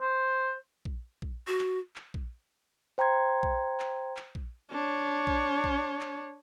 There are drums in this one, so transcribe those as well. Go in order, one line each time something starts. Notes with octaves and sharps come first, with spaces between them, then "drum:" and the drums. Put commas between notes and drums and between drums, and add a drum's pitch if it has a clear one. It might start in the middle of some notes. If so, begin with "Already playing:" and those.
C5
drum: kick A#1
drum: kick A#1
F#4
drum: clap
drum: clap
drum: kick A#1
C5 G5 A#5 C6 G#6
drum: kick A#1
drum: clap
drum: clap
drum: kick A#1
D4 C#5
drum: kick A#1
drum: kick A#1
drum: clap